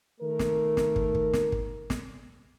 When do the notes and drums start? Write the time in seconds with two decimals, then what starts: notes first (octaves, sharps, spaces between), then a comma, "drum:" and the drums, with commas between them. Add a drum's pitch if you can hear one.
0.21 D#3 A3 A#4
0.39 drum: snare
0.77 drum: snare
0.96 drum: kick
1.15 drum: kick
1.33 drum: snare
1.52 drum: kick
1.90 drum: snare